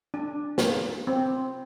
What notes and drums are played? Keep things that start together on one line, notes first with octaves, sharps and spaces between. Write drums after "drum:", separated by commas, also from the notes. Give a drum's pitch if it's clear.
D4
drum: snare
C4